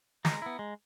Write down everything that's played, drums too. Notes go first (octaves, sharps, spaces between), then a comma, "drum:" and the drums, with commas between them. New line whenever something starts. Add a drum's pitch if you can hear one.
G#3 A#5, drum: snare
B3 E4
G#3